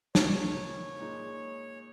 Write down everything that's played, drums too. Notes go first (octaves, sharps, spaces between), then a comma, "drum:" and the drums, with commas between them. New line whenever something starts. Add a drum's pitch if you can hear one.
C#3 F3 A#3 D#4 C#5, drum: snare
A#2 G#3 D#4